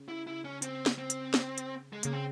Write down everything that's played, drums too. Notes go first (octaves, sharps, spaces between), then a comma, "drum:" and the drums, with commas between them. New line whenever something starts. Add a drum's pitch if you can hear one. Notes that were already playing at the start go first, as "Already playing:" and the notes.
Already playing: C#3
E4
E4
C#4
C4, drum: hi-hat
drum: snare
C4
drum: hi-hat
drum: snare
drum: hi-hat
G#3
C#3 A#3, drum: hi-hat
C4